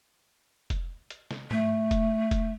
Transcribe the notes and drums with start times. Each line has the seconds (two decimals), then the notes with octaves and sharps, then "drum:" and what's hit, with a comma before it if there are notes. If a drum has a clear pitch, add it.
0.70 drum: kick F1, hi-hat
1.10 drum: hi-hat
1.31 drum: snare
1.51 A3, drum: tom G#2
1.91 drum: kick F1, hi-hat
2.31 drum: kick F1, hi-hat